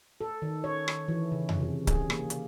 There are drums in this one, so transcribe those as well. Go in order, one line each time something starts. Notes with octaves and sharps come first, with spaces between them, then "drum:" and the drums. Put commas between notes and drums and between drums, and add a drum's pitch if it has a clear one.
A4
D#3
C#5
drum: rim click
E3
C#3
drum: tom F2
C3
G#4, drum: kick C#1, hi-hat
A#3, drum: rim click
drum: hi-hat